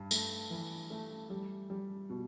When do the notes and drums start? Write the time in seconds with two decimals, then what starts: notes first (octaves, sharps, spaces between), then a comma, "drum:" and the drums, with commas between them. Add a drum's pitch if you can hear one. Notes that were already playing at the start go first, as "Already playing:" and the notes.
Already playing: G2
0.11 A3, drum: tambourine
0.50 E3
0.90 A3
1.30 G3
1.70 G3
2.10 B2